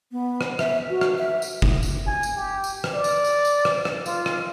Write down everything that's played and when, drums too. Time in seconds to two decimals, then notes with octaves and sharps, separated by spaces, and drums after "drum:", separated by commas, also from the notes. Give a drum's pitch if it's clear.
0.12 B3
0.41 drum: rim click
0.59 E5, drum: rim click
0.90 F#4
1.01 drum: rim click
1.18 E5
1.42 drum: tambourine
1.62 drum: kick
1.83 drum: tambourine
2.07 G#5
2.23 drum: tambourine
2.36 G4
2.64 drum: tambourine
2.84 drum: rim click
2.95 D5
3.04 drum: tambourine
3.25 drum: tambourine
3.45 drum: tambourine
3.65 drum: rim click
3.85 drum: rim click
4.06 F4, drum: tambourine
4.26 drum: rim click